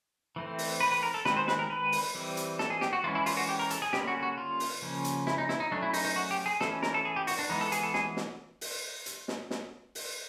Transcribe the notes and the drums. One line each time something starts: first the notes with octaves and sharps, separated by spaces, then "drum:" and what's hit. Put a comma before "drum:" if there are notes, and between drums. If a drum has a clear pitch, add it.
E3 A3 C4
drum: open hi-hat
B4
B4
A#4
A4
D#3 G#3 C4 B4, drum: snare
C5
B4, drum: snare
A#4
B4
drum: open hi-hat
E3 G3 C4
drum: hi-hat
A4, drum: snare
G#4
G4, drum: snare
F#4
E3 G#3 C#4 F4
E4
F4, drum: open hi-hat
F#4
G4
A#4
A4, drum: hi-hat
G#4
D3 G3 A#3 C#4 G4, drum: snare
F#4
F#4
F4
drum: open hi-hat
C#3 F3 A#3 C#4
drum: hi-hat
E4, drum: snare
D#4
E4, drum: snare
D#4
F#3 A3 C#4 D4
E4
D#4, drum: open hi-hat
D#4
F#4
G4
G#4
E3 A3 C#4 A4, drum: snare
A#4, drum: snare
A4
G#4
G4
F#4, drum: open hi-hat
D4
E3 G#3 B3 D#4
A4
G#4, drum: hi-hat
A4
G#4, drum: snare
drum: snare
drum: open hi-hat
drum: hi-hat
drum: snare
drum: snare
drum: open hi-hat